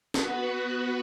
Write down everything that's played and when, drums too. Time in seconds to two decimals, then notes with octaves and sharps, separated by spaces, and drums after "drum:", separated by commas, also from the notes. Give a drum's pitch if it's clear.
0.14 B3 F#4 B4, drum: snare